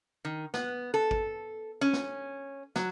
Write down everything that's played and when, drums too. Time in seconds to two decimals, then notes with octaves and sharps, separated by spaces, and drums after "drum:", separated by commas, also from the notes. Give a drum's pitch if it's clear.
0.25 D#3
0.54 B3, drum: snare
0.94 A4
1.11 drum: kick G#1
1.81 C#4
1.93 drum: snare
2.76 F#3, drum: snare